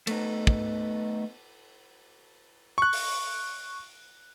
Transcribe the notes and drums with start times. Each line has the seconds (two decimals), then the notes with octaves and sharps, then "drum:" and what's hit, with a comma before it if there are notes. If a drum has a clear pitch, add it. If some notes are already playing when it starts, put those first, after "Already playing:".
0.07 A3 B3 D#4, drum: cymbal
0.47 drum: kick
2.78 C#6 F#6
2.93 drum: open hi-hat